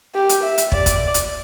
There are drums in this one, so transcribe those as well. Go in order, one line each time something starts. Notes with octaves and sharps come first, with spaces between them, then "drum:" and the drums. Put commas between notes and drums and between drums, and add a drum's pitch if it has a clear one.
G4
drum: hi-hat
E5
drum: hi-hat
D5, drum: kick
drum: kick, hi-hat
drum: hi-hat